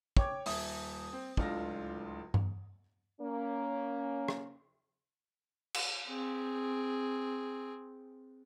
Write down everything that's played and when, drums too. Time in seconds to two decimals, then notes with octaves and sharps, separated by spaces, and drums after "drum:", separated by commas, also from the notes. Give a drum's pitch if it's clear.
0.17 C#5 G5 D6 G#6, drum: kick
0.46 D#1 E5 D#6, drum: open hi-hat
1.13 C4
1.37 D1 C#2 D4 F4 A4 A#6, drum: kick
2.34 drum: tom G2
3.20 A#3 C#4
4.28 drum: rim click
5.74 drum: cymbal
6.07 C4 G#4